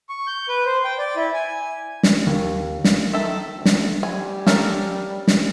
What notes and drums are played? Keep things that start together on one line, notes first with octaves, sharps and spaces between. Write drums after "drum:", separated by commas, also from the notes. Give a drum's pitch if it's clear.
C#6
G6
B4
C5
G5
D5
E4
G#5
drum: snare
D#2
drum: snare
D#3 A4 E5
D2
drum: snare
G3 G#5
C#4 A4 A#4, drum: snare
drum: snare